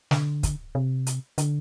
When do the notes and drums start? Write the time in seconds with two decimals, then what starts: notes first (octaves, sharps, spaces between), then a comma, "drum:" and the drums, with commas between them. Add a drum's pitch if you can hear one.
0.11 D3, drum: snare
0.43 drum: kick, hi-hat
0.75 C3
1.07 drum: hi-hat
1.38 D3, drum: hi-hat